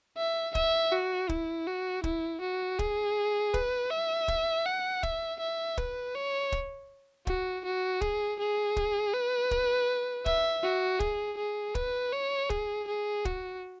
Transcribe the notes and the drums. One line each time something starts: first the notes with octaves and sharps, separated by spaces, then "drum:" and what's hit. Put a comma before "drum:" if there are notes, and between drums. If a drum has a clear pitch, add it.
E5
E5, drum: kick
F#4
E4, drum: kick
F#4
E4, drum: kick
F#4
G#4, drum: kick
B4, drum: kick
E5
drum: kick
F#5
E5, drum: kick
E5
B4, drum: kick
C#5
drum: kick
F#4, drum: kick
F#4
G#4, drum: kick
G#4
drum: kick
B4
drum: kick
E5, drum: kick
F#4
G#4, drum: kick
G#4
B4, drum: kick
C#5
G#4, drum: kick
G#4
F#4, drum: kick